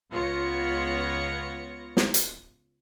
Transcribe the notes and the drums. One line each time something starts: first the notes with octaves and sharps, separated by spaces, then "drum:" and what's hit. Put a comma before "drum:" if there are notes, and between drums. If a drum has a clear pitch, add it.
C#2 B3 F4 C#5 A#6 C#7
drum: snare
drum: hi-hat